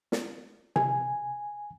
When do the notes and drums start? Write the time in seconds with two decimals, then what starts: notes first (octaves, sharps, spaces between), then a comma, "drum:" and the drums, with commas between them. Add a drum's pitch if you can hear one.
0.12 drum: snare
0.76 G#5, drum: tom C3